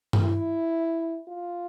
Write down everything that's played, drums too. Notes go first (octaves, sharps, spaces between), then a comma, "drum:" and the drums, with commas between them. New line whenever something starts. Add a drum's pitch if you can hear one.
drum: tom G2
E4
F4